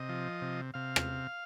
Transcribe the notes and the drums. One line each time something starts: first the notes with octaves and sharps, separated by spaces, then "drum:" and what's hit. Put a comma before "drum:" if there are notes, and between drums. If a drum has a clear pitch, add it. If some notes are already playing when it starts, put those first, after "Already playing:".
Already playing: C3 D#5
F3
C3
C3 F5
drum: rim click